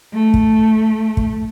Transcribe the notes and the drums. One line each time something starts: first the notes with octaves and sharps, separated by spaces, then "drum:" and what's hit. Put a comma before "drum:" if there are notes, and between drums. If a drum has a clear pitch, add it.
A3
drum: kick
drum: kick